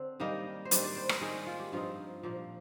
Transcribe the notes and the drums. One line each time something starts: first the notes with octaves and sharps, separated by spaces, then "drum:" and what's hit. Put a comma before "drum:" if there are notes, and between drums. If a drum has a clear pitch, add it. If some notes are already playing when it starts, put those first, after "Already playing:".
Already playing: D3 C4
D#3 G3 A#3 D#4 D#5
C5
D#3 G3 D4 D5, drum: hi-hat
D5
C5
A#4, drum: rim click
D#3 G#3 D4 G#4
F4
G4
G2 F3 C4 D#4 F4
A#2 F3 A#3